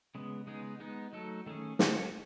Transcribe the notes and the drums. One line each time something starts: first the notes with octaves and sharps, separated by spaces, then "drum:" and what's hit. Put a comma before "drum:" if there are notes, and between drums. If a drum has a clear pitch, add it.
C#3 G#3 B3
C#3 G#3 B3 D#4 G#4
G#3 B3 D#4
F#3 A3 D#4 A4
D#3 A3 C#4 G#4
G#3 C#4 F#4 A4, drum: snare